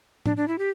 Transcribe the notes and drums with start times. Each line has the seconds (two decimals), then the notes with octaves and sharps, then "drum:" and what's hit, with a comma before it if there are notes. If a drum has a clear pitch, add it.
0.26 D4, drum: tom A2
0.37 D4
0.48 E4
0.58 G4